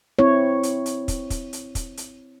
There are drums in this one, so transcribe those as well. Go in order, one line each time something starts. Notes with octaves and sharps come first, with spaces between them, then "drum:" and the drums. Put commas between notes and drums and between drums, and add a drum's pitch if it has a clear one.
C4 E4 C#5
drum: hi-hat
drum: hi-hat
drum: kick, hi-hat
drum: kick, hi-hat
drum: hi-hat
drum: kick, hi-hat
drum: hi-hat